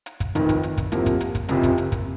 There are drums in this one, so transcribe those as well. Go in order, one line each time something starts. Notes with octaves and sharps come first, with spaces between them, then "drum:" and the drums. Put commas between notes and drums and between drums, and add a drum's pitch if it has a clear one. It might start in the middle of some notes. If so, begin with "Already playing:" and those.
drum: hi-hat
drum: kick, hi-hat
F1 F2 D#3, drum: hi-hat
drum: kick, hi-hat
drum: hi-hat
drum: kick, hi-hat
C2 C3 F3 A#3, drum: hi-hat
drum: kick, hi-hat
drum: hi-hat
drum: kick, hi-hat
F#1 F2 C3 F3, drum: hi-hat
drum: kick, hi-hat
drum: hi-hat
drum: kick, hi-hat